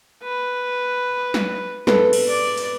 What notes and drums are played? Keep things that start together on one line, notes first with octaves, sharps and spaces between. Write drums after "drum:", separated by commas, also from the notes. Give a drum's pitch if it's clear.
B4
drum: snare
A4 B4, drum: snare
drum: cymbal
D5
drum: open hi-hat